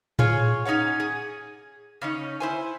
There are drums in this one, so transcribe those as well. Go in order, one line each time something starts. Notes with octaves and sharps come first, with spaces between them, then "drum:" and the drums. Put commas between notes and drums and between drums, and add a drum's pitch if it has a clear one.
F4 G#4 C#5, drum: tom A2
C#4 D#4 E4 C#5 F#5
G#4
C#3 C#4 D#4
E4 C5 G#5